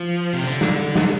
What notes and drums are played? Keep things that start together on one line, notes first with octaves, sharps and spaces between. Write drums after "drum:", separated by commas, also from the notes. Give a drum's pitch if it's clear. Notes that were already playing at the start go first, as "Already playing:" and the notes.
Already playing: F3
C3
D3
drum: snare
drum: snare